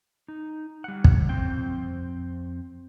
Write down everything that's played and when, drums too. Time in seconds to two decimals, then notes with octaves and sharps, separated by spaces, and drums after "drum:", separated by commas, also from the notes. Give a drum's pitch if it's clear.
0.28 D#4
0.84 G3 F#5
1.04 drum: kick
1.29 F2 C4 G5